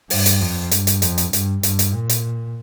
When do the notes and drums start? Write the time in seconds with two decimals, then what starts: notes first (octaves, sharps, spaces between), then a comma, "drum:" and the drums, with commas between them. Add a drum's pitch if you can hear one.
0.10 G2, drum: open hi-hat
0.26 drum: hi-hat
0.41 F2
0.71 G2, drum: hi-hat
0.87 drum: hi-hat
1.02 F2, drum: hi-hat
1.18 drum: hi-hat
1.33 G2, drum: hi-hat
1.63 G2, drum: hi-hat
1.79 drum: hi-hat
1.94 A#2
2.09 drum: hi-hat